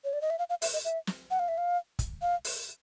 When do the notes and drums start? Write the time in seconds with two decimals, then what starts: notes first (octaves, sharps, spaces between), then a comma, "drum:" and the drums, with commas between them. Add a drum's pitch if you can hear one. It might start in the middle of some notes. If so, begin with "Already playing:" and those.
0.04 C#5
0.13 D5
0.21 D#5
0.30 E5
0.39 F5
0.50 F5
0.62 E5, drum: open hi-hat
0.73 D#5
0.85 E5
1.07 drum: snare
1.31 F#5
1.39 F5
1.48 E5
1.58 F5
1.99 drum: kick, hi-hat
2.22 F5
2.45 drum: open hi-hat